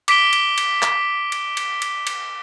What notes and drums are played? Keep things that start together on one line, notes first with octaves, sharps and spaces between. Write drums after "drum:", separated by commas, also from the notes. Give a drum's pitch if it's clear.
D6 B6 D7 G7, drum: cymbal
drum: cymbal
drum: cymbal
drum: clap
drum: cymbal
drum: cymbal
drum: cymbal
drum: cymbal